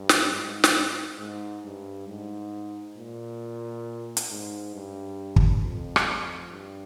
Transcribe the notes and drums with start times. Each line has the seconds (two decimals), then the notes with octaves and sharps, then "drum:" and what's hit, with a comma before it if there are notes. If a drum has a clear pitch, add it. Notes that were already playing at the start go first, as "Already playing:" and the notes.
Already playing: G2
0.09 drum: snare
0.31 G#2
0.64 drum: snare
1.19 G#2
1.65 G2
2.08 G#2
2.97 A#2
4.17 drum: hi-hat
4.30 G#2
4.75 G2
5.36 drum: kick
5.63 F2
5.96 drum: rim click
6.52 G2